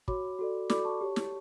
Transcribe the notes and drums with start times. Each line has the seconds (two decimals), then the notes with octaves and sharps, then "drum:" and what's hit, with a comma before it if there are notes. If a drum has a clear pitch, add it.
0.08 F#4 C#5 B5 D6, drum: kick
0.39 F#4 A4 D5
0.70 F#4 A4 D5 B5 D6, drum: snare
0.85 A5 C#6
1.01 G4 C#5
1.16 drum: snare